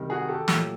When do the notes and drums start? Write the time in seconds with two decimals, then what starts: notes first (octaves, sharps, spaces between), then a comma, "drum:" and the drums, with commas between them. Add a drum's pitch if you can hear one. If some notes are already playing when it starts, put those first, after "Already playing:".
Already playing: C3 D#3 G3
0.10 F#4 G#4
0.28 G4 A4
0.48 A#2 F#3 A3, drum: snare